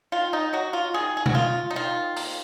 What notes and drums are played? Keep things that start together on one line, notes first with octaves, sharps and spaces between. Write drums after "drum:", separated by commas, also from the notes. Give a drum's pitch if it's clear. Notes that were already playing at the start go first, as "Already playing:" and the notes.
D#3 F4
D#4
F#3 F#4
F4
D#3 G#4
G#4
F#4, drum: tom
A#3 F4
D#4
D#3 F4
A#3, drum: open hi-hat